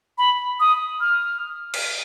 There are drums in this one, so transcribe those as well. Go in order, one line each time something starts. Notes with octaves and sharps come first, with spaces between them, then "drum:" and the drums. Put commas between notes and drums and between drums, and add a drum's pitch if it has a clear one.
B5
D#6
F6
drum: cymbal